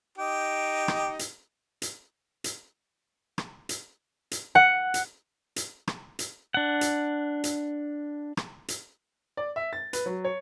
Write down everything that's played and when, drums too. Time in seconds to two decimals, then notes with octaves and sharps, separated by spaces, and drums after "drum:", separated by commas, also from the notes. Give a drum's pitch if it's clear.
0.18 D#4 G4
0.88 drum: rim click
1.19 drum: hi-hat
1.82 drum: hi-hat
2.44 drum: hi-hat
3.38 drum: rim click
3.69 drum: hi-hat
4.31 drum: hi-hat
4.55 F#5
4.94 drum: hi-hat
5.56 drum: hi-hat
5.88 drum: rim click
6.19 drum: hi-hat
6.54 D4 F#5
6.81 drum: hi-hat
7.44 drum: hi-hat
8.37 drum: rim click
8.68 drum: hi-hat
9.37 D5
9.56 E5
9.73 A6
9.93 B4, drum: hi-hat
10.06 F#3
10.25 C#5